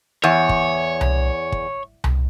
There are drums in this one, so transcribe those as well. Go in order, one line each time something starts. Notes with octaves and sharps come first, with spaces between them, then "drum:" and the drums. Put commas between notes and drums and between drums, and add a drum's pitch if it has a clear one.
E2 C#5
drum: kick
drum: tom C2
drum: kick
drum: tom C2